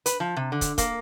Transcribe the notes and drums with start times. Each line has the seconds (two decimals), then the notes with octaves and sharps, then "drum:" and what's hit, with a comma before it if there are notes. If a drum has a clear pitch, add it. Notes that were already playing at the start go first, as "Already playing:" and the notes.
0.06 B4, drum: hi-hat
0.20 F3
0.37 C3
0.52 D3
0.61 drum: kick, hi-hat
0.78 A#3, drum: kick, hi-hat